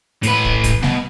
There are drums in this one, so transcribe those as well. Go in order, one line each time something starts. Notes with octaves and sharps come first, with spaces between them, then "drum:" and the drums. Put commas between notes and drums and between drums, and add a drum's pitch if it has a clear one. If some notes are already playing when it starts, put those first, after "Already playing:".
A2 B4, drum: hi-hat
drum: kick
drum: kick, hi-hat
B2, drum: snare G3